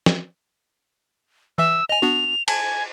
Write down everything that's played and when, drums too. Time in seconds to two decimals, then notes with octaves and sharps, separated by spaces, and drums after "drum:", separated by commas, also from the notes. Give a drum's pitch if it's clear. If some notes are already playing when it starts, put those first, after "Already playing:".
0.06 drum: snare
1.58 E3 E5 E6
1.89 D#5 G#5 F7
2.02 B3 D4 F#4
2.48 G#5 A5, drum: cymbal